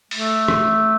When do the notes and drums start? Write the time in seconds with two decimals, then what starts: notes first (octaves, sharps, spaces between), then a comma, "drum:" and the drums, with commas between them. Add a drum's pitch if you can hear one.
0.11 A3, drum: open hi-hat
0.48 drum: rim click